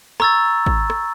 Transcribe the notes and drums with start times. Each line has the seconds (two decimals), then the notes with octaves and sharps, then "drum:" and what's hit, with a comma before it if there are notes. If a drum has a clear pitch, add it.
0.20 A#5 C#6 E6 G#6 A6, drum: rim click
0.66 drum: kick G#1
0.90 drum: rim click